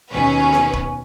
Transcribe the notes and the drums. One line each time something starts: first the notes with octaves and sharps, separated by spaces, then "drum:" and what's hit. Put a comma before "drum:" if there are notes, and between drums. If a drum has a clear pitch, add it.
D#2 B2 C#4 B4
drum: snare B3
drum: kick